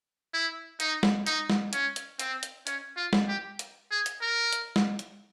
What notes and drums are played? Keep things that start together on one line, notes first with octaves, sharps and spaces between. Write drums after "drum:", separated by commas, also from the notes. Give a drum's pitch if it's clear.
E4
D#4, drum: hi-hat
drum: snare
D#4, drum: hi-hat
drum: snare
C#4, drum: hi-hat
drum: hi-hat
C4, drum: hi-hat
drum: hi-hat
C#4, drum: hi-hat
F4
drum: snare
G4
drum: hi-hat
G#4
drum: hi-hat
A#4
drum: hi-hat
drum: snare
drum: hi-hat